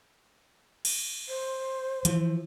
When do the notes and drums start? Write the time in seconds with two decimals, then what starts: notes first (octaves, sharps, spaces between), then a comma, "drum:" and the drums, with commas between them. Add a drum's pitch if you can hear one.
0.85 drum: cymbal
1.29 C5
2.05 E3 F3, drum: hi-hat